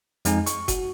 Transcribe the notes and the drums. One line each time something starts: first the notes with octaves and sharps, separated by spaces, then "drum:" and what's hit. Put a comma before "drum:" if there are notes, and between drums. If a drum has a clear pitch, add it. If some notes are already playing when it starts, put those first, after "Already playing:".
F2 G#3 D#4 G#5, drum: hi-hat
C#6, drum: hi-hat
F#4, drum: kick F#1, hi-hat